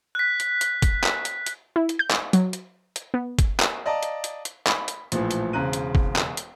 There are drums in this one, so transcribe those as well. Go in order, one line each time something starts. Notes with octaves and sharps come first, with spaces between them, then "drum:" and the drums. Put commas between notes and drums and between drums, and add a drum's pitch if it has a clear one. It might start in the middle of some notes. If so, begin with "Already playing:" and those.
F#6 B6
drum: hi-hat
drum: hi-hat
drum: kick G1, hi-hat
drum: clap
drum: hi-hat
drum: hi-hat
E4
drum: hi-hat
G6
drum: clap
F#3, drum: hi-hat
drum: hi-hat
drum: hi-hat
B3
drum: kick G1, hi-hat
drum: clap
D5 D#5 F5 A5 A#5
drum: hi-hat
drum: hi-hat
drum: hi-hat
B5, drum: clap
drum: hi-hat
A#1 A2 E3 F3, drum: hi-hat
drum: hi-hat
E1 C#3 C4 A#5 F#6 D#7
drum: hi-hat
drum: kick G1
drum: clap
drum: hi-hat